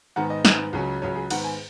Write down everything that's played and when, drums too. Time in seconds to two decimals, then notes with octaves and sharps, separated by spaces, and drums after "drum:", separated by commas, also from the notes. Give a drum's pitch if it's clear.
0.16 G#2 D#3 B3 F#5
0.30 D#5
0.45 G#2 D#3 B3, drum: snare
0.73 C#2 C#3 F#3 C#4
1.02 C#2 C#3 F#3 C#4 C#5
1.16 G#4
1.30 G#2 D#3 B3 F#5, drum: cymbal
1.44 G#5